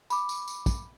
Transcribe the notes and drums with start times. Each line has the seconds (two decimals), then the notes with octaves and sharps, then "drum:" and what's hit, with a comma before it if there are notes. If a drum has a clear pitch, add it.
0.10 B5 D6, drum: tambourine
0.29 drum: tambourine
0.48 drum: tambourine
0.66 drum: kick, tambourine